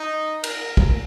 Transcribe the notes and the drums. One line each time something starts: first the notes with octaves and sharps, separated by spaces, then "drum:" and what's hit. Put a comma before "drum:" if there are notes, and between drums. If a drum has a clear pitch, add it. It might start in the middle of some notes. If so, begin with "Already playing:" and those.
Already playing: D#4
A#4, drum: cymbal
drum: kick